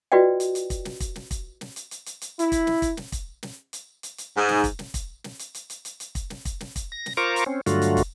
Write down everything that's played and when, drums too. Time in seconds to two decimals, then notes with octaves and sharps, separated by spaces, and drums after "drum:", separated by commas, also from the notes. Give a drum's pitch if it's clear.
0.12 F4 F#4 B4 D5 D#5 G5
0.40 drum: hi-hat
0.55 drum: hi-hat
0.70 drum: kick, hi-hat
0.85 drum: snare
1.00 drum: kick, hi-hat
1.16 drum: snare
1.31 drum: kick, hi-hat
1.61 drum: snare
1.76 drum: hi-hat
1.91 drum: hi-hat
2.06 drum: hi-hat
2.21 drum: hi-hat
2.39 E4, drum: hi-hat
2.52 drum: kick, hi-hat
2.67 drum: snare
2.82 drum: kick, hi-hat
2.97 drum: snare
3.12 drum: kick, hi-hat
3.43 drum: snare
3.73 drum: hi-hat
4.03 drum: hi-hat
4.18 drum: hi-hat
4.36 G#2
4.49 drum: snare
4.64 drum: kick, hi-hat
4.79 drum: snare
4.94 drum: kick, hi-hat
5.24 drum: snare
5.39 drum: hi-hat
5.55 drum: hi-hat
5.70 drum: hi-hat
5.85 drum: hi-hat
6.00 drum: hi-hat
6.15 drum: kick, hi-hat
6.30 drum: snare
6.45 drum: kick, hi-hat
6.60 drum: snare
6.76 drum: kick, hi-hat
6.92 A#6
7.06 drum: snare
7.17 F4 A#4 C5 A#5 C#6 D6
7.36 drum: hi-hat
7.46 C4 C#4
7.66 G2 D3 F#3 A3 F4 F#4, drum: hi-hat
7.82 drum: hi-hat
7.97 drum: kick, hi-hat